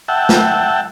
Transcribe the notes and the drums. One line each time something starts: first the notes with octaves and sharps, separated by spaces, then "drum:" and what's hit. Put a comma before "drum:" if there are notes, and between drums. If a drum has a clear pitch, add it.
E5 F#5 G5 A5
drum: snare